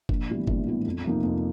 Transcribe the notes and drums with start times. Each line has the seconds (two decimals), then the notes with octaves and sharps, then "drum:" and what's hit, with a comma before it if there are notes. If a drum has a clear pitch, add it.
0.09 A#1, drum: kick F#1
0.28 A2 E3 G3 B3
0.47 A#1, drum: kick F#1
0.66 A2 E3 G3 B3
0.86 F2
1.04 C3 F3 A#3 D#4
1.23 F2